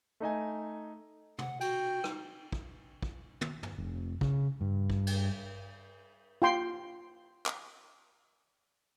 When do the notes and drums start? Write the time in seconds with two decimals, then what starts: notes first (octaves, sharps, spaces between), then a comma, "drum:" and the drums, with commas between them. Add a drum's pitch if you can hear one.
0.20 A3 D#4 D#5 G#5
1.38 F#5, drum: tom
1.61 F#4 G5, drum: cymbal
2.04 D#4, drum: rim click
2.52 drum: kick
3.02 drum: kick
3.41 drum: tom
3.63 drum: tom
3.78 F1
4.21 C#3, drum: kick
4.61 G2
4.90 drum: kick
5.07 drum: cymbal
6.42 F4 G5 C6
7.46 drum: clap